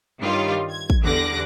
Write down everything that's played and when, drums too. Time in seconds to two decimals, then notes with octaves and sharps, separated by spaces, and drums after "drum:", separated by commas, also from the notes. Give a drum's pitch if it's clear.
0.19 G2 D#3 G3 F4 C#5
0.70 G#6
0.90 drum: kick
1.02 E2 D3 G3 D6 F#6 A#6